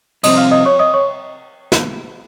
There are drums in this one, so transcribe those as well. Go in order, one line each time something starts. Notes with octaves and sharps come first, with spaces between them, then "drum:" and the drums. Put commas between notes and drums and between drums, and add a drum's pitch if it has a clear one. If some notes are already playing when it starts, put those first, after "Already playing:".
C2 C3 F3 C4 D#5 D#6, drum: cymbal
F5 F6
D#5 D#6
C#5 C#6
D#5 D#6
C#5 C#6
drum: snare